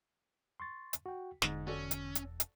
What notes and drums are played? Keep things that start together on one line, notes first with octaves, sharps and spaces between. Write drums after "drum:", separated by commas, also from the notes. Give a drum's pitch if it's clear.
C6 C#6 A6
drum: hi-hat
F#4 G5
E1 G#2 D3, drum: snare
C#4 F#4 A4 D5
drum: hi-hat
drum: hi-hat
drum: hi-hat